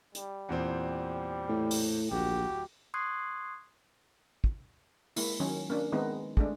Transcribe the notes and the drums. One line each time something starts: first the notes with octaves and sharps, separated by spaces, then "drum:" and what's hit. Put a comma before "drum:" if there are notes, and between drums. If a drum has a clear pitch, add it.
G3, drum: hi-hat
E2 A#2 C4
A2
drum: open hi-hat
D1 A#1 F#4 G4
C6 C#6 D#6 F#6 G#6 C7
drum: kick
G#3 A#3 E4, drum: open hi-hat
D#3 F#3 C#4
A#3 C#4 D4
D#3 G#3 B3 C4 D#4
G#3 A3 D4, drum: kick